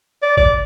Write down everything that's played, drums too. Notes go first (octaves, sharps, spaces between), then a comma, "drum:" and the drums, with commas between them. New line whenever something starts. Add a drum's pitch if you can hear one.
D5
D5, drum: kick